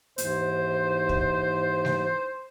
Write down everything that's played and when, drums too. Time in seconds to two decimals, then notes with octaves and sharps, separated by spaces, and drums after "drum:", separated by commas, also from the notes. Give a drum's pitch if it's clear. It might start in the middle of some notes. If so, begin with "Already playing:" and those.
0.18 D#2 G#2 E3 C5, drum: hi-hat
1.09 drum: kick
1.85 drum: snare G3